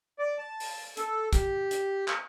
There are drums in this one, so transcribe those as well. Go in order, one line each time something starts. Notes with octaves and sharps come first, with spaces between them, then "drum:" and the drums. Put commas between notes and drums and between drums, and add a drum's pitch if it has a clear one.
D5
A5
drum: open hi-hat
A4, drum: hi-hat
G4, drum: kick, hi-hat
drum: hi-hat
drum: clap